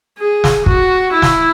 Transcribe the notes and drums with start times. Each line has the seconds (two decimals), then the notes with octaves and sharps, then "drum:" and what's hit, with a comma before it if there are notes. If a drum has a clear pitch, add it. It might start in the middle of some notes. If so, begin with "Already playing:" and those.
0.19 G#4
0.44 drum: snare
0.66 F#4, drum: kick
1.13 E4
1.22 drum: snare